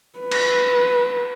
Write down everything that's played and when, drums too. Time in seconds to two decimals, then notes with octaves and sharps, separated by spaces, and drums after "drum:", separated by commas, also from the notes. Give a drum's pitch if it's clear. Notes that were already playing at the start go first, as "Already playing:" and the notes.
0.19 B4
0.31 drum: cymbal